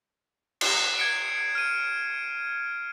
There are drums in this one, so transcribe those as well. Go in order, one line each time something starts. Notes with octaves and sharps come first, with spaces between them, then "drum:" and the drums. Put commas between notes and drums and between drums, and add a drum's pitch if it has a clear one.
C7 E7, drum: cymbal
G#6 C#7 D7
F6 D#7